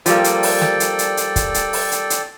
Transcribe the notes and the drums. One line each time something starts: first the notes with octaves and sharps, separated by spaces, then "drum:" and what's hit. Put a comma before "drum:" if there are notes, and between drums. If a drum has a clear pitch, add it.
F3 G3 A#3 A4 D5 G5, drum: hi-hat
drum: hi-hat
drum: open hi-hat
drum: snare
drum: hi-hat
drum: hi-hat
drum: hi-hat
drum: kick, hi-hat
drum: hi-hat
drum: open hi-hat
drum: hi-hat
drum: hi-hat